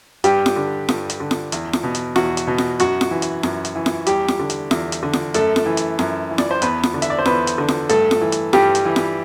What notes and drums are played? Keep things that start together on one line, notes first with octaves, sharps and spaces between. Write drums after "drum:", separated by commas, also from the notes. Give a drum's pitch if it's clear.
G2 G3 G4, drum: hi-hat
drum: snare F4
D3
G2, drum: snare F4
drum: hi-hat
D3
drum: snare F4
E2, drum: hi-hat
drum: snare F4
B2
drum: hi-hat
E2 F#4, drum: snare F4
drum: hi-hat
B2
drum: snare F4
F#2 F#4, drum: hi-hat
drum: snare F4
E3
drum: hi-hat
F#2, drum: snare F4
drum: hi-hat
E3
drum: snare F4
E2 G3 G4, drum: hi-hat
drum: snare F4
D3
drum: hi-hat
E2, drum: snare F4
drum: hi-hat
D3
drum: snare F4
F#2 A3 A4, drum: hi-hat
drum: snare F4
E3
drum: hi-hat
F#2, drum: snare F4
E3
D5, drum: snare F4
C5
E2 B3 B4, drum: hi-hat
drum: snare F4
D3
E5, drum: hi-hat
D5
C5
E2 B3 B4, drum: snare F4
drum: hi-hat
D3
drum: snare F4
G2 A3 A4, drum: hi-hat
drum: snare F4
E3
drum: hi-hat
G2 G3 G4, drum: snare F4
drum: hi-hat
E3
drum: snare F4